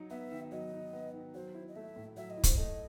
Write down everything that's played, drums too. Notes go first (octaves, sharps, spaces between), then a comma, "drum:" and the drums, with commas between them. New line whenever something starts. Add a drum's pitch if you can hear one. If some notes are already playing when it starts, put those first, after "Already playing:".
Already playing: F#3 D#4
B3 E5
D#3
F#3 D#5
D#4
B3
D#3
F#3 C5
E4
D#5
A3 E5
A2
F#3 E5
D#5
E4
C5, drum: kick, hi-hat
A3 D#5